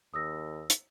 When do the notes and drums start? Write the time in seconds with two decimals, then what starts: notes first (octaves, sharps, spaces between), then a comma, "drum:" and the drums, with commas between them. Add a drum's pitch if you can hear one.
0.14 D#2 D#6 E6 A#6
0.70 drum: hi-hat